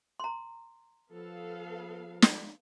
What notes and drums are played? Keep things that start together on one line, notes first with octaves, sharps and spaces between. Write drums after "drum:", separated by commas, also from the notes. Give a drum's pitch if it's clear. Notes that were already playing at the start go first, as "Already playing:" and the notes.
A#5 C6
F3 B3 A4 F5
drum: snare